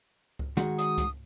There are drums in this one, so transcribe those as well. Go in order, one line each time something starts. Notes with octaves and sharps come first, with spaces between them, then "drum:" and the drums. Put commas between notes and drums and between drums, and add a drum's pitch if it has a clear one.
drum: kick C#2
D#3 G#3 F#4, drum: hi-hat
D#6, drum: hi-hat
drum: kick C#2, hi-hat